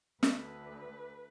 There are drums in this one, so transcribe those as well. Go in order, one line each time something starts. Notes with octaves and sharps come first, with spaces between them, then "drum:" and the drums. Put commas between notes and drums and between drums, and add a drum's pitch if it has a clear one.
D2 D3 B4, drum: snare